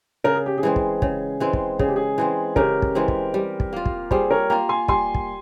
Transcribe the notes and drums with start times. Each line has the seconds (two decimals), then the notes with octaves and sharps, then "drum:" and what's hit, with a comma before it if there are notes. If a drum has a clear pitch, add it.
0.24 C#3 A#4
0.35 G#4
0.46 G4
0.58 G#4
0.63 E3 G#3 C4
0.76 drum: kick
1.02 C#3, drum: kick
1.40 E3 G#3 C4
1.53 drum: kick
1.79 C#3 G#4, drum: kick
1.88 G4
1.96 G#4
2.18 E3 G#3 C4
2.56 C#3 G4 A#4, drum: kick
2.82 drum: kick
2.95 E3 G#3 C4
3.08 drum: kick
3.34 G3
3.60 drum: kick
3.73 A#3 F4
3.86 drum: kick
4.11 G3 G#4 C5, drum: kick
4.31 A#4 C#5
4.50 A#3 F4 G5 A#5
4.69 G#5 C6
4.88 G3 G#5 C6, drum: kick
5.15 drum: kick